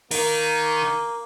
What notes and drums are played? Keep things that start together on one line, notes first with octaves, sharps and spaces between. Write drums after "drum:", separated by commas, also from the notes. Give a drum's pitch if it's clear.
A#3 D#4 A#4, drum: cymbal